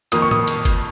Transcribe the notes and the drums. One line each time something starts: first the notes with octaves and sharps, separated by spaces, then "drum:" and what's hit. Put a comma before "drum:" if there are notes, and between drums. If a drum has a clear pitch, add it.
F2 D#3 A#3 D#6, drum: cymbal
C#6
D#6, drum: tom
drum: cymbal
drum: kick, cymbal